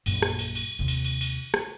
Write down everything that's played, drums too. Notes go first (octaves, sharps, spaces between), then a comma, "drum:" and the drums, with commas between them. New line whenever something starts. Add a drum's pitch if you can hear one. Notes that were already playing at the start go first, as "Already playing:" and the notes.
A#1 F#2, drum: cymbal
drum: rim click
drum: cymbal
drum: cymbal
D#2 C3
drum: cymbal
drum: cymbal
drum: cymbal
drum: rim click